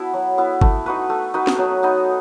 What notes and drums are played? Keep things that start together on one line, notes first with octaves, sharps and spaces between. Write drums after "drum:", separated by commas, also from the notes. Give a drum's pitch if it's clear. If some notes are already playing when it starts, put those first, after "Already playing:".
Already playing: B3 E4 F#4 A4
F#3
B3 E4
A3, drum: kick
D#4 F#4 B4
A3
D#4 F#4 B4
drum: snare
F#3
B3 D#4